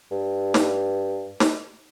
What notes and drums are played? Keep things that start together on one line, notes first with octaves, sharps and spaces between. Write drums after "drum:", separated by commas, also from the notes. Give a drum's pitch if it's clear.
G2
drum: snare
drum: snare